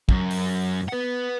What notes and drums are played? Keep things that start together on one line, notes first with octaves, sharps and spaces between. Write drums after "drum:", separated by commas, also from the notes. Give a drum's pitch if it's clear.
F#2, drum: kick
drum: open hi-hat
B4 F#5